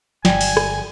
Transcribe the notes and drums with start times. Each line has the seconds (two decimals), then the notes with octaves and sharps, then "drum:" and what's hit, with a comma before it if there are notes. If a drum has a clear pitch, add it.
0.25 G1 G3 G#5, drum: snare
0.41 drum: open hi-hat
0.57 drum: rim click